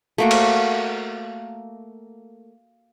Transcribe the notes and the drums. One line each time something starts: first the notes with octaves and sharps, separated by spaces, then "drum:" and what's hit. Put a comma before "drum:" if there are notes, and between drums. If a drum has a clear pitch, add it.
A3 A#3 F#4
drum: cymbal